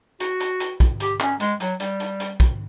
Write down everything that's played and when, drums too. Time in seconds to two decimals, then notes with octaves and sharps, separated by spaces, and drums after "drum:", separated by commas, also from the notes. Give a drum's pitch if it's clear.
0.20 F#4, drum: hi-hat
0.40 drum: hi-hat
0.60 drum: hi-hat
0.80 drum: kick, hi-hat
1.00 G4, drum: hi-hat
1.20 C#4, drum: clap
1.40 G#3, drum: hi-hat
1.60 F#3, drum: hi-hat
1.80 G3, drum: hi-hat
2.00 drum: hi-hat
2.20 drum: hi-hat
2.40 drum: kick, hi-hat